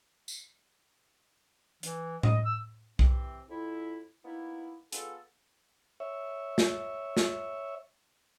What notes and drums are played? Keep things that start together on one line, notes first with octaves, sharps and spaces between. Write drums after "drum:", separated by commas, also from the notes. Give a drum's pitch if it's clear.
drum: tambourine
E3, drum: hi-hat
D#5, drum: tom A2
E6
C3 E3 C4, drum: kick B1
F2 E4
A#3 B3 D#4 E4
B3 F4 G#4 A4, drum: hi-hat
C#5 E5
drum: snare
drum: snare